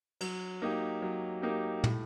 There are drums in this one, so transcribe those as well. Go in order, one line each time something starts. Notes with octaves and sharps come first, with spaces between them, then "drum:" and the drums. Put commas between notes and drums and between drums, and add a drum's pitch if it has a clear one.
F#3, drum: cymbal
A#3 D#4 G4
F#3
A#3 D#4 G4
A2, drum: tom